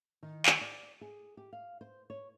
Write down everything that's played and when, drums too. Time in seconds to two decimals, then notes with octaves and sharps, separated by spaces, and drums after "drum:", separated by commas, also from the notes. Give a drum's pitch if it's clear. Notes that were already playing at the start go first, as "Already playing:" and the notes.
0.23 D#3
0.46 drum: clap
0.61 D5
1.01 G#4
1.37 G4
1.53 F5
1.81 C5
2.10 C#5